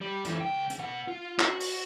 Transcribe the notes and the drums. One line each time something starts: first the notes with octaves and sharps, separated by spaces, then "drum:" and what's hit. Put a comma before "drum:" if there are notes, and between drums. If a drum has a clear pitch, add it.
G3
F2 E3, drum: hi-hat
C#2 G5
drum: hi-hat
B2 F#5
F4
F#4, drum: clap
drum: open hi-hat